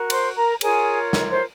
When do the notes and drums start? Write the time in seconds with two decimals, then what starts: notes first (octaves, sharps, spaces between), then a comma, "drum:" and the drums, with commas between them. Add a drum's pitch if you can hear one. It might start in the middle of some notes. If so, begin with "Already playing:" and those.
Already playing: F#4 A#4
0.10 C5 C6, drum: cymbal
0.36 A#4 A#5
0.61 F4 G#4 A#4 C#5 G#5, drum: cymbal
1.13 drum: snare
1.30 C5 C6